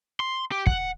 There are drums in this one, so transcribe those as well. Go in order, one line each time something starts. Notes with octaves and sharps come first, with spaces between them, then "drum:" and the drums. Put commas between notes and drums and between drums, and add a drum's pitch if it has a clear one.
C6
G4
F#5, drum: kick